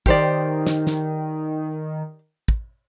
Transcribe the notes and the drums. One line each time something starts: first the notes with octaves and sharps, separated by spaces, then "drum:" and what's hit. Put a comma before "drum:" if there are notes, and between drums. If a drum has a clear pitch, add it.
D#3 G4 C5 D5, drum: kick
drum: snare
drum: snare
drum: kick